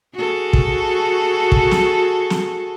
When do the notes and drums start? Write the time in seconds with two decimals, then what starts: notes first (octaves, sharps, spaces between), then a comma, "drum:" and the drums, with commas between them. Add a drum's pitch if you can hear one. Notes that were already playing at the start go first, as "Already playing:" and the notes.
0.14 F#4 G#4 A4
0.53 drum: kick
1.52 drum: kick
1.71 drum: snare
2.30 drum: snare